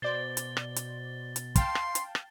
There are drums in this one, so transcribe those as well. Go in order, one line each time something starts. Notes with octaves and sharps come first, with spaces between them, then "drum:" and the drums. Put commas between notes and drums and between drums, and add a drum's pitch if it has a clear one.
B2 C5 D5 A6 G7
drum: hi-hat
drum: rim click
drum: hi-hat
drum: hi-hat
F5 G5 A5 C6, drum: kick, hi-hat
drum: rim click
drum: hi-hat
drum: rim click